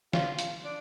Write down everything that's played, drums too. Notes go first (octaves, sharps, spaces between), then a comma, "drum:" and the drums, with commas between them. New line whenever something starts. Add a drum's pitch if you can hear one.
F4, drum: snare
drum: hi-hat
D4